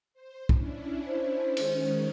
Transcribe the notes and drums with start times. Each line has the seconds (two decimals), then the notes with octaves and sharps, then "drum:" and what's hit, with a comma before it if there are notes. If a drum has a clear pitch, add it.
0.13 C5
0.49 C#4 D4 E4, drum: kick
1.07 C5
1.57 D#3 G#3 C#4, drum: cymbal